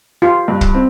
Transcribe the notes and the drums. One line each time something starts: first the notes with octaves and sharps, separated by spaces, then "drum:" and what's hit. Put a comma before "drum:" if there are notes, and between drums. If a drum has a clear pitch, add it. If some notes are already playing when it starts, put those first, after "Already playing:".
F4 G4
G2
drum: kick
C4